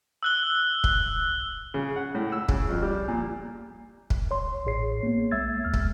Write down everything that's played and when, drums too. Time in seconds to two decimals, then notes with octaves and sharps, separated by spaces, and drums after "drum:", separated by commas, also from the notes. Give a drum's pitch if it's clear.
0.23 E6 F#6 G7
0.84 drum: kick
1.74 C#3
1.96 F#5
2.15 A2
2.32 E6
2.49 C#3, drum: kick
2.69 F2
2.82 G3
3.08 A#2
4.10 drum: kick
4.31 C#5 C6
4.65 A1 A2 G#4 C#5 C7
5.03 A#3 B3
5.31 B1 G#3 E5 E6 G#6 A6
5.65 D#2 F6
5.74 drum: kick